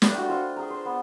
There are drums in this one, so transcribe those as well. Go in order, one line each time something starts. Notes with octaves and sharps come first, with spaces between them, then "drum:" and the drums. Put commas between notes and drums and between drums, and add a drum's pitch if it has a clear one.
A3 D4 G4 B4, drum: snare
F#4 G5
F4 C5 F5
G#4 A#5
C5
B3